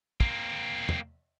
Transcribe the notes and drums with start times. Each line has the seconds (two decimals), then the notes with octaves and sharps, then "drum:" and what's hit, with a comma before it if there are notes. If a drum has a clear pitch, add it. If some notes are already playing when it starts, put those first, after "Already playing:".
0.20 A#3 C4, drum: kick
0.89 drum: tom